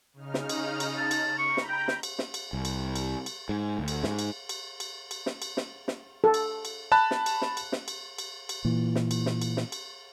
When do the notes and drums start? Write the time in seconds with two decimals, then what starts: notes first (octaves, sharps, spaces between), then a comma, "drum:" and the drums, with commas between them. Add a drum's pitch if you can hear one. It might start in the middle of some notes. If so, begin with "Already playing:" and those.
0.13 C#3 D#4 F6
0.34 drum: snare
0.49 drum: cymbal
0.80 drum: cymbal
0.98 A5
1.11 drum: cymbal
1.38 A#5 B5 C#6 G6
1.57 drum: snare
1.69 G5
1.88 drum: snare
2.03 drum: cymbal
2.19 drum: snare
2.34 drum: cymbal
2.53 C2
2.65 drum: cymbal
2.96 drum: cymbal
3.26 drum: cymbal
3.49 G#2
3.79 D2
3.88 drum: cymbal
4.04 G#2, drum: snare
4.19 drum: cymbal
4.49 drum: cymbal
4.80 drum: cymbal
5.11 drum: cymbal
5.26 drum: snare
5.42 drum: cymbal
5.57 drum: snare
5.88 drum: snare
6.24 A4
6.34 drum: cymbal
6.65 drum: cymbal
6.92 A5 B5 F#6
7.11 drum: snare
7.26 drum: cymbal
7.42 drum: snare
7.57 drum: cymbal
7.72 drum: snare
7.88 drum: cymbal
8.18 drum: cymbal
8.49 drum: cymbal
8.65 A#2 E3
8.95 drum: snare
9.11 drum: cymbal
9.26 drum: snare
9.42 drum: cymbal
9.57 drum: snare
9.72 drum: cymbal